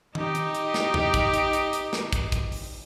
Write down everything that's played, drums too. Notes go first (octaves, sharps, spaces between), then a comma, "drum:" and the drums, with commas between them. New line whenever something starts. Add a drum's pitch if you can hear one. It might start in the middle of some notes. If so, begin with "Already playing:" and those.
D#4 G4, drum: tom D#3
drum: hi-hat
drum: hi-hat
drum: snare
drum: tom E2
drum: kick, hi-hat
drum: hi-hat
drum: hi-hat
drum: hi-hat
drum: snare
drum: kick, hi-hat
drum: kick, hi-hat
drum: open hi-hat